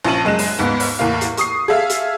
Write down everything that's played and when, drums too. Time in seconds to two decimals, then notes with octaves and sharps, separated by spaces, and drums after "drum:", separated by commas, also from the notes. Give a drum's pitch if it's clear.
0.05 A#1 F3 C#4 A5 D#7 F#7
0.25 F#2 G#3 F#6 E7
0.39 drum: open hi-hat
0.59 D#2 G#2 B3
0.80 drum: open hi-hat
0.99 E2 A2 A#3 F5
1.21 drum: hi-hat
1.37 C#6 D#6 C7, drum: hi-hat
1.68 G#4 A4 E5 F5
1.90 drum: hi-hat